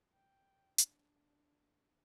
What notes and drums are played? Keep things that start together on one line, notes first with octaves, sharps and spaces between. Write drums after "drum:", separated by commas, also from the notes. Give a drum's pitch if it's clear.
G5
D4, drum: hi-hat